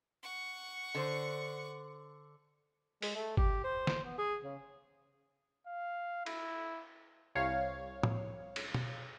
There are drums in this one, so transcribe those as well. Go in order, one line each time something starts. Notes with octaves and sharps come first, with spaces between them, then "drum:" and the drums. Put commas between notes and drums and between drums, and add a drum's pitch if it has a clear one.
F#5 C#6
D3 C5
G#3, drum: open hi-hat
A3
G4, drum: kick G1
C5
drum: snare
B3
G#4
C#3
F5
E4, drum: cymbal
C2 C#5 F5 F6
drum: tom A2
drum: cymbal
drum: tom B2